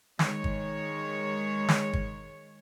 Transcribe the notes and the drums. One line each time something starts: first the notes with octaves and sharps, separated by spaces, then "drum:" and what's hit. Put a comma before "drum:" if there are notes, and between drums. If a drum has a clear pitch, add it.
D#3 G#3 C#5, drum: snare
drum: kick
drum: snare
drum: kick